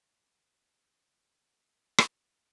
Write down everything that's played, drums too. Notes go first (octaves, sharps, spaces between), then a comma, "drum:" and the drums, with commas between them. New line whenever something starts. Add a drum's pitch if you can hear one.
F#4
G#3
F5
D3
F2
D#3
F3
drum: rim click
B3